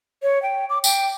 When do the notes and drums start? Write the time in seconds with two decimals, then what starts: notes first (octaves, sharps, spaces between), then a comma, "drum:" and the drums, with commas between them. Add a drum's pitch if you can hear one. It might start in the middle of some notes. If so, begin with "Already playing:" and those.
0.23 C#5
0.43 G5
0.70 D6
0.84 G5, drum: tambourine